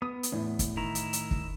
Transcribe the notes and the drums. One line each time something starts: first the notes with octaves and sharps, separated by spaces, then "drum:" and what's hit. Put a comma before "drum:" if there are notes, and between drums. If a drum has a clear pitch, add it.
B3 D#6
drum: hi-hat
E2 A2
drum: kick, hi-hat
D#3 E4 A#5
drum: hi-hat
drum: hi-hat
drum: kick